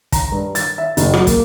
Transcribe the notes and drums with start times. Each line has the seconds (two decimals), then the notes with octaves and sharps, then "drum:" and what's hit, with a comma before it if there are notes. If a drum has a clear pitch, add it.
0.12 A#5, drum: kick, hi-hat
0.32 G2
0.55 A6, drum: hi-hat
0.78 E5
0.97 F#1, drum: hi-hat
1.14 F#3, drum: rim click
1.27 A#3, drum: kick, hi-hat